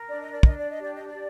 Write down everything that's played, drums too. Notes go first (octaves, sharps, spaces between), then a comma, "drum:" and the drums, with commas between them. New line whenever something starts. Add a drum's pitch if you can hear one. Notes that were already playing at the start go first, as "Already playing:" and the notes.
Already playing: A#4
D4 D5
D#5
D5
D4 D#5, drum: kick
D5
D#5
G4 D5
D#5
D5
G4